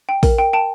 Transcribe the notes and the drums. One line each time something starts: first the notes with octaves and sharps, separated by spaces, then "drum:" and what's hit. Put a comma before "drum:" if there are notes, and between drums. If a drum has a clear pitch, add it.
G5
A#4, drum: kick, open hi-hat
G5
G5 A5